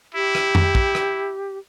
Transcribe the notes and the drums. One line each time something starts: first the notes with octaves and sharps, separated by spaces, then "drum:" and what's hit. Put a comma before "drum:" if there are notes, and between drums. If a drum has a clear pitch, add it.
E4 G4
drum: rim click
drum: tom F2
drum: kick
drum: rim click